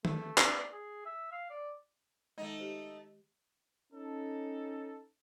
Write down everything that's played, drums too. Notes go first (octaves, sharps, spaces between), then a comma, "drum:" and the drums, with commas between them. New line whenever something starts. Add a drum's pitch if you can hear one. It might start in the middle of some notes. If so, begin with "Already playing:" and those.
A3, drum: tom
D5, drum: clap
G#4
E5
F5
D5
D#3 G#3 A3 D#4
G4 C5
C#4 D#4 A4